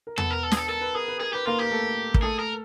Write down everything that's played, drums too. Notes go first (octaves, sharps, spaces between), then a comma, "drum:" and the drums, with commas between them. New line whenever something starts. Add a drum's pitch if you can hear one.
A#4
B3 A4 B4, drum: tom E2
A#4
A4
G#4, drum: snare
A4
A4 A#4
B4
G#4 A#4
B4
G#4 A#4
G4 B4
A#3 F4 A#4
G4 A#4
A3 A4
A#4, drum: kick
A3 G#4 A4
A#4